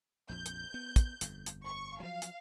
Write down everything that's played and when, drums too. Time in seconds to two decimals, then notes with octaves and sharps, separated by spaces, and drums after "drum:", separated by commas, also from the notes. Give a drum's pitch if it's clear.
0.29 A#1 F2 G6
0.46 drum: hi-hat
0.74 B3
0.96 drum: kick, hi-hat
1.21 G1 F2, drum: hi-hat
1.46 drum: hi-hat
1.65 C#6
2.00 F3 F#3 F5
2.22 drum: hi-hat